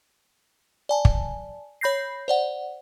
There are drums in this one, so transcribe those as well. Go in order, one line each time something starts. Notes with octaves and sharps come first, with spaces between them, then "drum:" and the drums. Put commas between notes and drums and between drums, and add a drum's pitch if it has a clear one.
D5 G#5 A5
drum: kick
C#5 B5 G6 A#6 C7
C5 D5 F#5